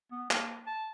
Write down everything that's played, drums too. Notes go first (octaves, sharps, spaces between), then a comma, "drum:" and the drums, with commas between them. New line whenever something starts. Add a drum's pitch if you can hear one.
B3
A#3, drum: clap
A5